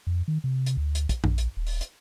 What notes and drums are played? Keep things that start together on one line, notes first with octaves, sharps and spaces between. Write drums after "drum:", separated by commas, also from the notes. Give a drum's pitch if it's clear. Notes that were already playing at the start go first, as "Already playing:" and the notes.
F2
D#3
C3
drum: hi-hat
D2
drum: hi-hat
drum: kick, hi-hat
A#1, drum: tom
drum: hi-hat
D#1
drum: open hi-hat
drum: hi-hat